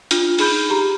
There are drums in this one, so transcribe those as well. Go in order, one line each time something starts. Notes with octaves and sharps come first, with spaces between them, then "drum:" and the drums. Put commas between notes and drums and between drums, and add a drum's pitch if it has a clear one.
D4 F4 F6, drum: hi-hat
D#4 G#4 B5 F6 G6, drum: open hi-hat
G4 A#5